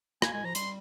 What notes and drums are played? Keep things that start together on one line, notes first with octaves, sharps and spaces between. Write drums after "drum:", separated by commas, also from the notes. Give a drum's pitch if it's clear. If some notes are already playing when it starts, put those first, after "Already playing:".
A#3 G#5, drum: rim click
G#3 G#5
F3 A#5
G3 C6, drum: hi-hat